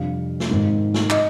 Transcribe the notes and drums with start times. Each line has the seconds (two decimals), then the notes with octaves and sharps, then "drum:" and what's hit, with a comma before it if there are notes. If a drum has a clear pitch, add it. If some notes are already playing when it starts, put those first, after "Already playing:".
Already playing: F2 C3 G3 D4 F5
0.40 drum: snare
0.49 G#1 G#2 D#3
0.94 drum: snare
1.10 D#5, drum: clap